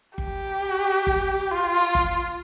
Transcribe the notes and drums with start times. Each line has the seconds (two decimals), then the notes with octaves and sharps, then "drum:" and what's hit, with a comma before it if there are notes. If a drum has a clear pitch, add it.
0.18 G4, drum: kick G1
1.07 drum: kick G1
1.51 F4
1.95 drum: kick G1